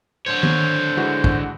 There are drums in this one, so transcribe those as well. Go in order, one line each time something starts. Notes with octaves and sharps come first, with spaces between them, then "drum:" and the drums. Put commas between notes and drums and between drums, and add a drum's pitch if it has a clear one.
D3 C5 C#5
drum: tom D#3
E3 G#3 F#4
drum: kick